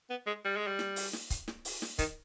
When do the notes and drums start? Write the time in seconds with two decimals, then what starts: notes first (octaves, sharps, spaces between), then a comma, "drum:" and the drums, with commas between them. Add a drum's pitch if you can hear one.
0.10 B3
0.27 G#3
0.45 G3
0.57 G#3
0.67 G3
0.79 drum: snare
0.96 drum: open hi-hat
1.13 drum: snare
1.30 drum: kick C#1, hi-hat
1.48 drum: snare
1.65 drum: open hi-hat
1.82 drum: snare
1.99 D#3, drum: kick C#1, hi-hat